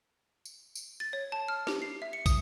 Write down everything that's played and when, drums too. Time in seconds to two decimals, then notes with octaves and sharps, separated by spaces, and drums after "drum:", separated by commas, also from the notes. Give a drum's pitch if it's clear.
0.45 drum: tambourine
0.75 drum: tambourine
1.00 A6
1.13 C#5
1.32 A5
1.48 F6
1.67 G4, drum: snare
1.82 C7
2.02 E5
2.13 C#7
2.26 D#6, drum: kick, tambourine